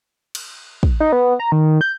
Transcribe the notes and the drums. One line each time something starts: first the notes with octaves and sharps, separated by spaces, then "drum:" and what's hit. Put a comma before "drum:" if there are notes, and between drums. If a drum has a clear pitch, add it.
drum: cymbal
drum: kick
D#4
B3
A#5
D#3
G6